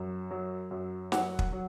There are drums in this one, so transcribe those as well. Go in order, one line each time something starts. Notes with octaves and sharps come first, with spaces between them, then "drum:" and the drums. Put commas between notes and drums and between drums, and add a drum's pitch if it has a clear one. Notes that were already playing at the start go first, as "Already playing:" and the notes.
Already playing: F#2
F#3
F#2
F#3 F#5, drum: snare
drum: kick
F#3